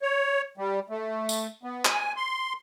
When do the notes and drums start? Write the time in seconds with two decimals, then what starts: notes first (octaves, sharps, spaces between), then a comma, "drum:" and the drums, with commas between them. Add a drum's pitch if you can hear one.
0.02 C#5
0.58 G3
0.90 A3
1.29 drum: tambourine
1.63 B3
1.85 G#5, drum: clap
2.16 C6